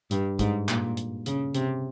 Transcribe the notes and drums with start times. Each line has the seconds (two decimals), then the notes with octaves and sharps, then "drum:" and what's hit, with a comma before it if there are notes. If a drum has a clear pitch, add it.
0.11 G2, drum: hi-hat
0.39 G#2, drum: kick, hi-hat
0.69 A#2, drum: clap
0.97 drum: hi-hat
1.26 C#3, drum: hi-hat
1.54 C3, drum: hi-hat